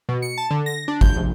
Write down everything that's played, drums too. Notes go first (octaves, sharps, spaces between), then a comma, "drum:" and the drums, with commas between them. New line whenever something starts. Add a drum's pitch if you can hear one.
B2
C#7
A5
D3
A#6
D4
G6, drum: kick G1
A#1